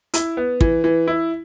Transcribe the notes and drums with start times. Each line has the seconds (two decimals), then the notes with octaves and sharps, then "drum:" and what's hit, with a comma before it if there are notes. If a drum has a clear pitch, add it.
0.14 E4, drum: hi-hat
0.37 B3
0.61 E3, drum: kick
0.84 E3
1.07 E4